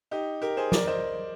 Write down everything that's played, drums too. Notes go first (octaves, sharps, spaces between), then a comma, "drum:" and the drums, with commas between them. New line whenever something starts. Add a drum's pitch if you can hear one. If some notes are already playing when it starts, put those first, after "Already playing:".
D#4 G4
G4 A#4
G#4 C5
A#4 D5, drum: snare
C5 D#5